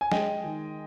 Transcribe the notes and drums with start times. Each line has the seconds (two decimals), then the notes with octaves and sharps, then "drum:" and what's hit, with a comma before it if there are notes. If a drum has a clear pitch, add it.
0.01 G#5
0.12 G#3 D#5 G5, drum: snare
0.44 D#3